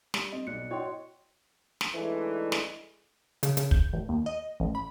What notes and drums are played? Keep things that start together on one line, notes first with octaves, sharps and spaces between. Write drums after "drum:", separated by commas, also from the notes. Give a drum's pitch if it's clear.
G3, drum: snare
C4 D#5
B1 D5 F#6 C#7
E4 F#4 C#5 D#5 G5 C6
drum: snare
E3 G#3 A3 D4 D#4
drum: snare
C#3, drum: hi-hat
C#3, drum: hi-hat
G6, drum: kick
A1
D#2
D#5
A1
B5